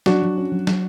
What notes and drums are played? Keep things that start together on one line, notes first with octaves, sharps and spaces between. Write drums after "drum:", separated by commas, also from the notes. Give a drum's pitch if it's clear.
F#3 D4 F#4, drum: snare
F#3
C#4
F#3
F#3, drum: snare